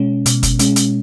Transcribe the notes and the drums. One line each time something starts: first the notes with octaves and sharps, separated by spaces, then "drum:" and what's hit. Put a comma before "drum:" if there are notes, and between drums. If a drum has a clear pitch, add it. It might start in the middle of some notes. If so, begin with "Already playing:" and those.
Already playing: B2 G#3 C#4
B2, drum: hi-hat
drum: kick, hi-hat
G#3 C#4, drum: hi-hat
drum: hi-hat